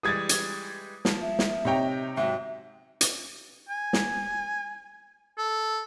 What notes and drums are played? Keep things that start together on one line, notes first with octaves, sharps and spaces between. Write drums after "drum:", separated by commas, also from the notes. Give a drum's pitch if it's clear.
E3 G3 G#3 D#6 G#6 A6
drum: hi-hat
F3, drum: snare
E5
drum: snare
C3 D#4 C#5 G5 A#5
G#2 F#3 E5
drum: hi-hat
G#5
drum: snare
A4